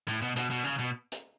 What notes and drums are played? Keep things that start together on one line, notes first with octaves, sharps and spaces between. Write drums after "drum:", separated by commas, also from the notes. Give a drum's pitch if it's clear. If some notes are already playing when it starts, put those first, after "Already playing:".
A2
B2
B2, drum: hi-hat
B2
C#3
B2
drum: hi-hat